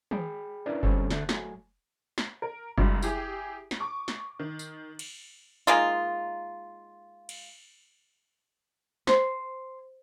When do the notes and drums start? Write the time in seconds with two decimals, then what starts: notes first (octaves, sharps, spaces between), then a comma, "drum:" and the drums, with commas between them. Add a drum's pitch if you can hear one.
0.11 G#4 G5 B5, drum: tom
0.66 C#4 D4 E4 A#4 B4 D5
0.83 D2 G2 G3 C4 C#4 A4, drum: kick F#1
1.11 D2 D3 A3 A5 F#6 G6, drum: snare
1.29 F#3 A3 G#5, drum: snare
2.18 drum: snare
2.42 A#4
2.78 C2 G2 F#3 G#3, drum: kick F#1
3.02 E4 G4 G#4, drum: tambourine
3.71 drum: snare
3.80 C#6 D6
4.08 drum: snare
4.39 D#3
4.59 drum: tambourine
4.99 drum: cymbal
5.67 G#3 A#3 D#4 F4
7.29 drum: cymbal
9.07 C5, drum: snare